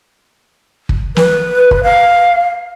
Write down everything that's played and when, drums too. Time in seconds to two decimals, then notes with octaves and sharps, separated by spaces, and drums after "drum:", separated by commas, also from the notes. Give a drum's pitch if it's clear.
0.89 drum: kick
1.16 B4, drum: snare
1.71 drum: kick
1.84 F5